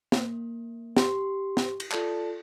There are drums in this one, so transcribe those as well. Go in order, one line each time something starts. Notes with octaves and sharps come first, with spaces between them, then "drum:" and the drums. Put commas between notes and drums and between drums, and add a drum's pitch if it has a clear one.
A#3, drum: snare
G4 C6, drum: snare
drum: snare
drum: cymbal
F4 A4 D5 A5, drum: clap